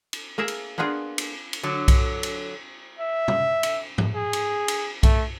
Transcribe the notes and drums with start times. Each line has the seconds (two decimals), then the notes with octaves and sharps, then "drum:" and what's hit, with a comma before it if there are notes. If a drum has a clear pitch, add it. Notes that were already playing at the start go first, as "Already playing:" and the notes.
0.13 drum: cymbal
0.38 A#3 G#4 A#4 E5 A5
0.48 drum: cymbal
0.78 A#3 B3 D4 F4 G#4
1.18 drum: cymbal
1.53 drum: cymbal
1.63 D3 F#3
1.88 drum: kick B1, cymbal
2.23 drum: cymbal
2.99 E5
3.28 drum: tom
3.63 drum: cymbal
3.98 drum: tom G#2
4.15 G#4
4.33 drum: cymbal
4.68 drum: cymbal
5.03 A3, drum: kick B1, cymbal